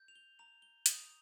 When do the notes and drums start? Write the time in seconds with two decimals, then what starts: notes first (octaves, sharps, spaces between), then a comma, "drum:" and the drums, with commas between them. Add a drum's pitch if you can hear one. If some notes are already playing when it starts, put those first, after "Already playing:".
Already playing: G6
0.08 F7
0.16 G7
0.39 A#5 F7
0.62 G7
0.86 D#6 F7, drum: hi-hat